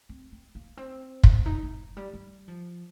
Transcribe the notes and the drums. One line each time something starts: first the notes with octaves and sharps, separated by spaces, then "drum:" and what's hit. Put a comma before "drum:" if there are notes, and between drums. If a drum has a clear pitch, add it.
C4
C4
A#3
C4
drum: kick
D#4
C4
F3
G3
G3
F3